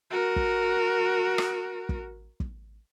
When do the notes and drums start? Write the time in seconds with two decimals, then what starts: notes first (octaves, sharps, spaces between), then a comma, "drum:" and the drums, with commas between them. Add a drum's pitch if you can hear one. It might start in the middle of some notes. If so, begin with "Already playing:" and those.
0.11 F#4 A#4
0.36 drum: kick
1.38 drum: rim click
1.89 drum: kick
2.40 drum: kick